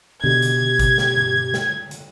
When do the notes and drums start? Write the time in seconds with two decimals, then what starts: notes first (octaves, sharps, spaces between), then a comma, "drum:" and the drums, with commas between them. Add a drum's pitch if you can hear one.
0.24 B2 D3 G4 G#6
0.42 drum: hi-hat
0.79 drum: kick G#1, hi-hat
0.98 drum: snare
1.17 drum: tom G2
1.54 drum: snare
1.91 drum: hi-hat